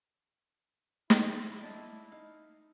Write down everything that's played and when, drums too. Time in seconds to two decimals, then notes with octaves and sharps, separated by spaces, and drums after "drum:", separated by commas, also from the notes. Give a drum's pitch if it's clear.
1.10 E4, drum: snare
1.62 D4 D#5 A5
2.12 D#4 F5